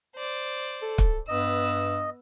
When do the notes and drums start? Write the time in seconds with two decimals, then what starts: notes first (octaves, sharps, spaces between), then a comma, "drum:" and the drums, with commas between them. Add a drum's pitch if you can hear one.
0.16 C5 D5
0.82 A4
0.98 drum: kick
1.28 G2 B3 D#5 E6